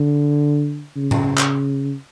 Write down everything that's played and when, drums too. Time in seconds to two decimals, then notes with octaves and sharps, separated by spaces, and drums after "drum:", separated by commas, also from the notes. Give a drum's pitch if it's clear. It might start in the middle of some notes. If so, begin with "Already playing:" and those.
Already playing: D3
0.96 C#3
1.11 drum: tom A2
1.38 drum: clap